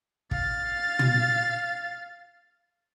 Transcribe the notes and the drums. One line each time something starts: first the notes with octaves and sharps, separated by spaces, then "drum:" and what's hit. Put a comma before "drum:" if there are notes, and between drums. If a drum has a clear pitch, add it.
F5 A6, drum: kick
drum: tom